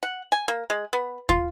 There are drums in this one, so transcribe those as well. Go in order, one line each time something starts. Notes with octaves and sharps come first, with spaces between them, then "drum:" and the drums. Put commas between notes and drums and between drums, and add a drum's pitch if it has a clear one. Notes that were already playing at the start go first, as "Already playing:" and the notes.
F#5
G#5
A#3
G#3
B3
F4, drum: kick